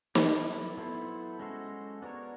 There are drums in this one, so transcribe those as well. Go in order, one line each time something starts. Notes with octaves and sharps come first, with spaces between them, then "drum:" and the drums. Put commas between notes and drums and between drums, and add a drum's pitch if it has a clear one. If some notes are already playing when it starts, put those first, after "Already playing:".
F#3 B3 E4 A4, drum: snare
F#3 B3 E4 A4 C5
G#3 C#4 F#4 A4 C5
B3 D4 F#4 A#4 C#5